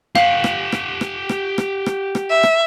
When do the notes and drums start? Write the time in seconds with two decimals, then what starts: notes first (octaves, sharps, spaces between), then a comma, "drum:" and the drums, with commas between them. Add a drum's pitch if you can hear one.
0.15 G4 F5 F#5, drum: rim click
0.44 drum: rim click
0.72 drum: rim click
1.01 drum: rim click
1.29 drum: rim click
1.58 drum: rim click
1.86 drum: rim click
2.15 drum: rim click
2.30 E5
2.43 drum: rim click